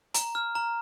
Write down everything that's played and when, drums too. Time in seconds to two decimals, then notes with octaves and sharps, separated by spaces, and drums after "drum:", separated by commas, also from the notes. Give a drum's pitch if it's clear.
0.14 A#5, drum: hi-hat
0.35 F6
0.55 A#5